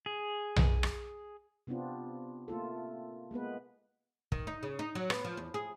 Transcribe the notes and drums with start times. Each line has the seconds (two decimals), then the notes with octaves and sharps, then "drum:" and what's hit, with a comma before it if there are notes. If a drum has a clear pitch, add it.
0.06 G#4
0.56 drum: tom B1
0.83 drum: rim click
1.67 C3 B3 C4 D4 F4
2.48 A3 A#3 F4 A4
3.31 G#3 A#3 B3 B4
4.32 D#3, drum: kick
4.47 D#4
4.63 C#3
4.79 D#4
4.95 F#3
5.10 B3, drum: rim click
5.25 F3
5.37 E2
5.54 G#4